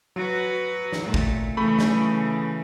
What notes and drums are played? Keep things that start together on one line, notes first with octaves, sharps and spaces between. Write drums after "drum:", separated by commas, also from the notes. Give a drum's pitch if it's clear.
F#3 F#4 B4
drum: snare
A#2 A3
drum: kick G#1
C#3 E3 A3 B5 C#6
drum: snare